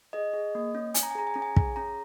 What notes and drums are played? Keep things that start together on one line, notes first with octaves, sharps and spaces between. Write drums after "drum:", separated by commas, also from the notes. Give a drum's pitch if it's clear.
G#4 D#5
G#4
A#3
C#4
C#4 G#5, drum: hi-hat
A#5
G#5
G#4 A#5
G#5
C#4 A#5
G#5
G#4, drum: kick
C#4 A#5